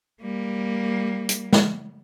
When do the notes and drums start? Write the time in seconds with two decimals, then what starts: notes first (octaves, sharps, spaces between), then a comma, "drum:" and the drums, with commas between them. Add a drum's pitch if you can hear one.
0.21 G3 A#3
1.29 drum: hi-hat
1.53 drum: snare